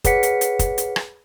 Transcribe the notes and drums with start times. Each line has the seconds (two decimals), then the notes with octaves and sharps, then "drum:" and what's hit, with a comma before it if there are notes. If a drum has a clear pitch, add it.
0.04 G#4 B4 C#5 F#5 B6 C#7, drum: kick, hi-hat
0.23 drum: hi-hat
0.41 drum: hi-hat
0.59 drum: kick, hi-hat
0.78 drum: hi-hat
0.96 drum: rim click